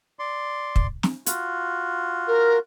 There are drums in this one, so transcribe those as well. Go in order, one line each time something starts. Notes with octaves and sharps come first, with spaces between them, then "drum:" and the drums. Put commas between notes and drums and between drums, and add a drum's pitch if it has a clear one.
D5 C6
drum: kick
drum: snare
F4 F#4, drum: hi-hat
A#4